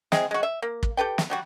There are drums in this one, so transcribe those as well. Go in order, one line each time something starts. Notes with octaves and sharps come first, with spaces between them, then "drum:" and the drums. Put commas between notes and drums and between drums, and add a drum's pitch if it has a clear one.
G#3 C4 E4 G#4, drum: snare
G#3 F#4
E5
A#3
drum: kick
G4 A4 B4 G5
drum: snare
F#3 G3 F#4